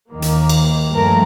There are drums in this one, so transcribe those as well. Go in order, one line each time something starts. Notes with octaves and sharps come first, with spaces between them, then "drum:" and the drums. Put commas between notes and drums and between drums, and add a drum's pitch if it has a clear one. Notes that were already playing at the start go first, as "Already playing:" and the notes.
D#2 D#3 A#3
drum: hi-hat
drum: cymbal
G2 F3 A3 A#4 A#5